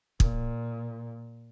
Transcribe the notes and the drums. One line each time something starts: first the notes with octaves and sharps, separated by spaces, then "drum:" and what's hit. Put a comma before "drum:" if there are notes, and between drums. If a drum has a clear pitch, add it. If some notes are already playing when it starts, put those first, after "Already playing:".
A#2, drum: kick